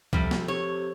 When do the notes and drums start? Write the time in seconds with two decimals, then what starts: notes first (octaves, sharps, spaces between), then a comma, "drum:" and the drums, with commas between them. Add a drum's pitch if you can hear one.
0.13 C3 F3 G3 A4, drum: kick C2
0.31 drum: snare
0.48 C3 C#5